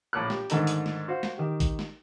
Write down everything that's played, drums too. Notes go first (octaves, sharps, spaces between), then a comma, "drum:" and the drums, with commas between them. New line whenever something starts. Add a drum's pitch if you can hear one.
A#1 A2 C#5 D6 F#6
G4, drum: snare
G#2 D3 D#3 A3 D#4 A#5, drum: hi-hat
drum: hi-hat
drum: snare
F#4 C5 F5
drum: snare
D#3 G4
drum: kick A1, hi-hat
drum: snare